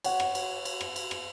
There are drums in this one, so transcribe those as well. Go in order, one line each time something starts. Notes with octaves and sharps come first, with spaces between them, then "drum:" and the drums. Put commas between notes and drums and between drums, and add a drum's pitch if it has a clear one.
C#5 F#5, drum: cymbal
drum: rim click
drum: cymbal
drum: cymbal
drum: rim click
drum: cymbal
drum: rim click